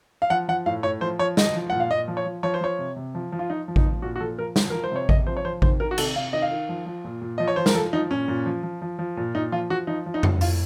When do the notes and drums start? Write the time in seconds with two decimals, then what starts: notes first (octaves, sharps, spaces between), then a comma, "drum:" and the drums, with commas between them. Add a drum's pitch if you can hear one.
0.22 F5
0.30 F3 F#5
0.48 F3 F#5
0.66 A2 F5
0.83 A2 C#5
1.01 F3 C5
1.19 F3 C#5
1.37 F3 D#5, drum: snare
1.55 F3
1.70 A#2 F#5
1.80 F5
1.90 A#2 D#5
2.08 F3
2.17 C#5
2.25 F3
2.43 F3 C#5
2.54 C5
2.61 F3 C#5
2.79 C3
2.96 C3
3.15 F3
3.32 F3
3.39 F4
3.50 F3 D#4
3.68 F3
3.76 D#4, drum: kick A1
3.85 A#2
4.02 A#2 F#4
4.16 F#4
4.20 F3 A4
4.38 F3 A#4
4.56 F3, drum: snare
4.70 F3 A#4
4.84 C5
4.91 C3 C#5
5.09 C3 D#5, drum: kick A1
5.27 F3 C5
5.37 C#5
5.44 F3 C5
5.62 D#3 C5, drum: kick A1
5.80 D#3 A#4
5.91 F#4
5.98 C3 A4, drum: cymbal
6.16 C3 F5
6.33 D#3 D#5
6.42 F5
6.51 D#3
6.69 F3
6.86 F3
7.05 A#2
7.22 A#2
7.38 F3 D#5
7.48 C#5
7.56 F3 C5
7.66 A#4, drum: snare
7.75 F3 A4
7.93 F3 D#4
8.11 A#2 C#4
8.28 A#2
8.46 F3
8.63 F3
8.82 F3
8.99 F3
9.17 A#2
9.35 A#2 D#4
9.52 F3 F4
9.70 F3 F#4
9.87 F3 D#4
10.06 F3
10.14 D#4
10.23 A2, drum: tom F2
10.41 A2 F4, drum: open hi-hat